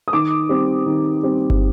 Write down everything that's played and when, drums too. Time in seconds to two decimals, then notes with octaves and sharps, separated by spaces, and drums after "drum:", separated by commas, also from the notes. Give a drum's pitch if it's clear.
0.08 D#6
0.13 D#3 D6
0.49 G3 C4
0.86 D#3
1.23 G3 C4
1.50 drum: kick